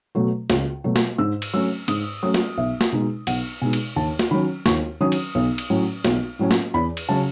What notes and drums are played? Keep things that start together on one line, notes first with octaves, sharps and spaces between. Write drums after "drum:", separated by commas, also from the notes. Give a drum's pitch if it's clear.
B2 F#3 A3
C#2, drum: snare
B2 F#3 A3
drum: snare
G#2 E6
drum: cymbal
F#3 A3 C#4 E6
G#2 D#6, drum: cymbal
F#3 A3 C#4 D#6
drum: snare
B1 E5
drum: snare
B2 G#3 D#4
B1 F#5, drum: cymbal
B2 G#3 D#4 G#5
drum: cymbal
D#2 A5
drum: snare
D#3 F#3 C#4 B5
D#2 C#6, drum: snare
D#3 F#3 C#4 D#6
drum: cymbal
B1
drum: cymbal
A2 F#3 C#4
B1, drum: snare
A2 F#3 C#4
drum: snare
E2 B5
drum: cymbal
C#3 F#3 C#4 A5